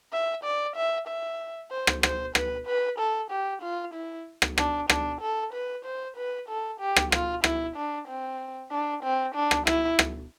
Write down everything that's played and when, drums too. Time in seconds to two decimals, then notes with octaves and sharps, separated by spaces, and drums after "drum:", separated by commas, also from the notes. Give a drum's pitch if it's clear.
0.12 E5
0.44 D5
0.76 E5
1.07 E5
1.71 C5
1.87 drum: rim click
2.03 C5, drum: rim click
2.35 B4, drum: rim click
2.67 B4
2.98 A4
3.31 G4
3.62 F4
3.94 E4
4.42 drum: rim click
4.58 D4, drum: rim click
4.90 D4, drum: rim click
5.21 A4
5.53 B4
5.85 C5
6.17 B4
6.48 A4
6.80 G4
6.96 drum: rim click
7.12 F4, drum: rim click
7.44 E4, drum: rim click
7.76 D4
8.08 C4
8.72 D4
9.03 C4
9.35 D4
9.51 drum: rim click
9.67 E4, drum: rim click
9.99 drum: rim click